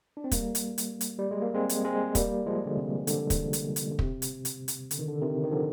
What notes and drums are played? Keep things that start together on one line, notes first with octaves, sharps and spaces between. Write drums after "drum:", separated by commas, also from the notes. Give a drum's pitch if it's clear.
D4
C4
G3 A#3, drum: kick, hi-hat
drum: hi-hat
drum: hi-hat
drum: hi-hat
G3
G#3
A#3
G#3 C4
drum: hi-hat
G#3 C4
G3 A#3, drum: kick, hi-hat
F3 G#3
D3
C3
D3, drum: hi-hat
drum: kick, hi-hat
drum: hi-hat
drum: hi-hat
D3
C3, drum: kick
drum: hi-hat
drum: hi-hat
drum: hi-hat
D3, drum: hi-hat
D#3
D3
C3 D#3
D#3
D3 F3